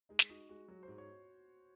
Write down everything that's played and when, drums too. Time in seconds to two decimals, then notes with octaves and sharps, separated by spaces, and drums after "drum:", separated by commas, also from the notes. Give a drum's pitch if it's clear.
0.09 G#3 D#4
0.19 drum: snare
0.29 D#4 F#4
0.49 G#3 F#4
0.68 F#3 F#4
0.83 C5
0.88 G#2
0.98 C#5